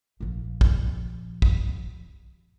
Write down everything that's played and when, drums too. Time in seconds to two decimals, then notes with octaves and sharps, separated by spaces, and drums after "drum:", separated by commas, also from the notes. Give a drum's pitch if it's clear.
0.20 A#1 F3
0.61 drum: kick
1.42 drum: kick